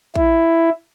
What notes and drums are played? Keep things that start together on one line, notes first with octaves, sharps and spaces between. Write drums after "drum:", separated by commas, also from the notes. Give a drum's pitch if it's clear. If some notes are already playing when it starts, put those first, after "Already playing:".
E4, drum: kick